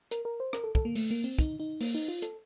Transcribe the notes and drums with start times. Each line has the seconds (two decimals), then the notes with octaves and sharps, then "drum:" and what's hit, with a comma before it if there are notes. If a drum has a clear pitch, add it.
0.11 A#4, drum: hi-hat
0.25 A#4
0.40 C5
0.53 A#4, drum: rim click
0.64 A4
0.75 A4, drum: kick
0.85 A#3
0.95 A3, drum: open hi-hat
1.11 A#3
1.24 C4
1.39 D#4, drum: kick, hi-hat
1.60 D#4
1.81 A#3, drum: open hi-hat
1.95 D#4
2.08 F4
2.22 A4, drum: hi-hat